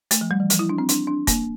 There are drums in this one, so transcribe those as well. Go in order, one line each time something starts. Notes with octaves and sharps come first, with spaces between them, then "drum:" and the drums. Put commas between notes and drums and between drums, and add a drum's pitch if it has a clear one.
A3, drum: hi-hat
F3
G3
E3
F3, drum: hi-hat
E4
D4
C4
D4, drum: hi-hat
D4
A#3, drum: kick, hi-hat